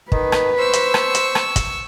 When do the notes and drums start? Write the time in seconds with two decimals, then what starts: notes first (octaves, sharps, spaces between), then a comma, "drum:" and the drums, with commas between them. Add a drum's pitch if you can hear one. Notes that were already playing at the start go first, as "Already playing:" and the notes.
0.12 D#3 B4, drum: kick
0.32 drum: rim click
0.58 C5 C#6 E6
0.73 drum: hi-hat
0.94 drum: rim click
1.15 drum: hi-hat
1.35 drum: rim click
1.56 drum: kick, hi-hat